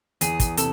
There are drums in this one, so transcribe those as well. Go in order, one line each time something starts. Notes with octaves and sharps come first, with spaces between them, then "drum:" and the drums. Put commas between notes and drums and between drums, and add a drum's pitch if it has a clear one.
E2 G#4, drum: hi-hat
drum: kick, hi-hat
C3 A4, drum: hi-hat